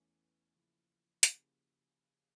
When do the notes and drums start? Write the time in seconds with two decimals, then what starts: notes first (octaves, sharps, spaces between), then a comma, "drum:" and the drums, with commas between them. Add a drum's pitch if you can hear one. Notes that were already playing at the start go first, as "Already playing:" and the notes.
Already playing: E2 E3 A3 C#4
0.55 C#3 F3 A#3 E4
1.23 C#3 F3 A#3 E4 G4, drum: hi-hat